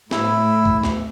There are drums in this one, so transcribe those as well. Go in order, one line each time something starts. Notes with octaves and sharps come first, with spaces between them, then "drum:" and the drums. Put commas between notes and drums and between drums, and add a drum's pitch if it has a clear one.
A2 E4, drum: snare
drum: kick C#2
drum: snare